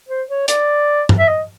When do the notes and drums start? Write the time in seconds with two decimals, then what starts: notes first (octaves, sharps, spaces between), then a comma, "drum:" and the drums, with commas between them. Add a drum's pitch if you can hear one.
0.09 C5
0.29 C#5
0.48 D5, drum: hi-hat
1.09 drum: tom G2
1.19 E5
1.28 D#5